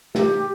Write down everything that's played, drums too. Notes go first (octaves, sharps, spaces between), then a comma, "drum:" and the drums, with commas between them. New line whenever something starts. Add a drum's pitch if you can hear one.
G4, drum: snare